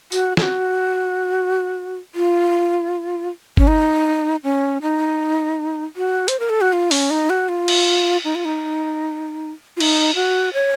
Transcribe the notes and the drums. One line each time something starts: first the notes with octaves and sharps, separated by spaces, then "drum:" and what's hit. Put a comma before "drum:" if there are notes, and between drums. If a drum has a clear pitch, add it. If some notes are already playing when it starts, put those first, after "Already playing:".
F#4, drum: tambourine
A4, drum: snare
F#4
F4
C#4, drum: kick G1
D#4
C#4
D#4
F#4
C5, drum: hi-hat
A#4
A4
F#4
F4
C#4, drum: open hi-hat
D#4
F#4
F4
drum: cymbal
D#4
F4
D#4
F4
D#4, drum: cymbal
F#4
C#5